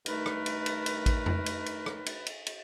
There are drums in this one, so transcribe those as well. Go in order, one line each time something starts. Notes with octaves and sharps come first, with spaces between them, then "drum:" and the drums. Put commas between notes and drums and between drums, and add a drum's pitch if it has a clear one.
G2 D#3 A3 D#4 A#4 B4, drum: cymbal
drum: rim click
drum: cymbal
drum: cymbal
drum: cymbal
drum: kick A1, cymbal
drum: tom F2
drum: cymbal
drum: cymbal
drum: rim click
drum: cymbal
drum: cymbal
drum: cymbal